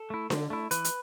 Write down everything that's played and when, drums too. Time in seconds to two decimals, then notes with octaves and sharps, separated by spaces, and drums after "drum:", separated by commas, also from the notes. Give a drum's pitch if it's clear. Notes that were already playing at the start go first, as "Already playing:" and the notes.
Already playing: A4
0.10 A3 E4
0.30 D3, drum: snare D4
0.50 A3 E4
0.71 E3 B4, drum: hi-hat
0.85 drum: hi-hat